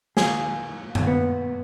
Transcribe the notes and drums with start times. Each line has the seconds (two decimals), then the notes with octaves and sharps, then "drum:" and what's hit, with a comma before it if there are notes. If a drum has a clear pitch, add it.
0.17 G#4, drum: snare
0.95 drum: tom F#2
1.07 B3